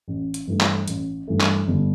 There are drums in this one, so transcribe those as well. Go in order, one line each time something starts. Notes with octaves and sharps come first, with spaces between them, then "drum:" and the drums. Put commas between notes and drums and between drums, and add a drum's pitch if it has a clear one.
A1
drum: hi-hat
G2 E3 A3
drum: clap
A1, drum: hi-hat
G2 E3 A3
drum: clap
G1